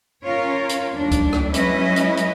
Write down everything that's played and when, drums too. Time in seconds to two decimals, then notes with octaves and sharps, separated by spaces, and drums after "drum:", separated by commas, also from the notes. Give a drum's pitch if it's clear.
0.24 C#4 F4 A#4 C#5
0.69 drum: hi-hat
0.94 D#2 G3 D4
1.12 drum: kick C#2, hi-hat
1.33 drum: rim click
1.54 F#3 G#3 C#4 E4 B4 D#5, drum: hi-hat
1.96 drum: hi-hat
2.17 drum: hi-hat